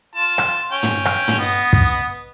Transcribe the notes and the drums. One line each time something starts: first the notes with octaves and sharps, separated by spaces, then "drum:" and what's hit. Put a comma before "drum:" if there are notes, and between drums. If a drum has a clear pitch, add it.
F4 A5
drum: rim click
C#4 G5
drum: tom
drum: rim click
drum: tom
B3 D#5
drum: kick